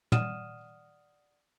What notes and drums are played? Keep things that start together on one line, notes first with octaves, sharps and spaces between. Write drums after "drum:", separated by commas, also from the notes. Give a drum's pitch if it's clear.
D5 F#5 D#6 F6 D#7 E7, drum: tom